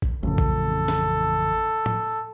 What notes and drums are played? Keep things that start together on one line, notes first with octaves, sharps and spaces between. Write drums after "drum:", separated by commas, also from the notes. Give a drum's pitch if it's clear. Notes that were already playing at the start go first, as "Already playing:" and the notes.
drum: kick A1
A1 F2 C#3 A4
drum: kick A1
drum: snare
drum: tom